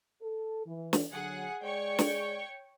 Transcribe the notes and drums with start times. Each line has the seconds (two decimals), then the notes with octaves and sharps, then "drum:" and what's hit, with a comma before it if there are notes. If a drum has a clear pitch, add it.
0.22 A4
0.66 E3
0.93 drum: snare
1.12 D3 F#3 G#4 F#5
1.63 G#3 G#4 C#5 D5 G5 C#6
1.99 drum: snare